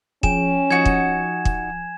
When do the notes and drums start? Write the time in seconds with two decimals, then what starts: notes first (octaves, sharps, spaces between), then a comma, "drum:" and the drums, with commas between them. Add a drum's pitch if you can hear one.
0.23 F3 C#4 G#4 G5 G#5 E7, drum: kick
0.71 F3 D#4 F#4 G#6
0.86 drum: kick
1.45 drum: kick